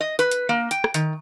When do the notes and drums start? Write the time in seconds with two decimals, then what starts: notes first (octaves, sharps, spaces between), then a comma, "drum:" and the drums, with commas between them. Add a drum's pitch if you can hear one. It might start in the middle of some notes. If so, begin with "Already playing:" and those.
0.01 D#5
0.19 B4, drum: hi-hat
0.31 drum: hi-hat
0.49 A#3
0.71 G5, drum: hi-hat
0.84 drum: rim click
0.94 D#3, drum: hi-hat